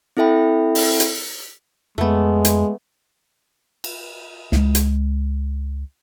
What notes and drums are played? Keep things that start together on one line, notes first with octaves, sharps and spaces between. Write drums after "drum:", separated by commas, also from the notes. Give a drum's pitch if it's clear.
C4 E4 A4 E5 G5 B5
drum: open hi-hat
drum: hi-hat
F2 G#3 A3 B3
drum: hi-hat
drum: cymbal
C#2 G#3, drum: snare
drum: hi-hat